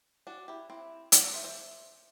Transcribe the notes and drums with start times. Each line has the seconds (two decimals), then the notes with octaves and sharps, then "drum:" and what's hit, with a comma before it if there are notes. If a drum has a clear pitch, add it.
0.27 D4 F#4
0.48 E4 G4
0.70 C4 E4
1.12 D4, drum: hi-hat
1.23 D4 F#4
1.33 C5 E5
1.44 C5 E5